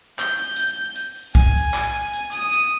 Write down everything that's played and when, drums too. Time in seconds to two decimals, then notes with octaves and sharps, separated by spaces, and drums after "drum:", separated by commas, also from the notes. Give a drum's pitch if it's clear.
0.19 G6, drum: clap
0.37 drum: open hi-hat
0.56 drum: hi-hat
0.96 drum: hi-hat
1.15 drum: open hi-hat
1.35 G#5, drum: kick B1, hi-hat
1.55 drum: open hi-hat
1.74 drum: clap
2.13 drum: hi-hat
2.32 D#6, drum: hi-hat
2.53 drum: hi-hat